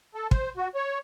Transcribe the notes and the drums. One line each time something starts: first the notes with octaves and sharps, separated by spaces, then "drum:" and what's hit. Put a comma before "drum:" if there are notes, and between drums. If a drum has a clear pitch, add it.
A4
C5, drum: kick
F#4
C#5